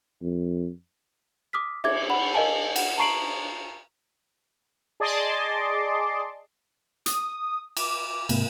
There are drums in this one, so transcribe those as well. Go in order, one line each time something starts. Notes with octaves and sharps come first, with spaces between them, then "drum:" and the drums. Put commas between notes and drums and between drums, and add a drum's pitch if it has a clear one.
F2
D6 D#6 F6 B6
E5 D6 G#6, drum: cymbal
F#5 B5
A#4 D#5 F5 G#5 A5
F#5, drum: cymbal
A5 A#5 C#6 C7 D7 F#7
G#4 D5 D#5 A5 C6 D6
D#6, drum: hi-hat
D6, drum: cymbal
G#2 C3 A#3, drum: cymbal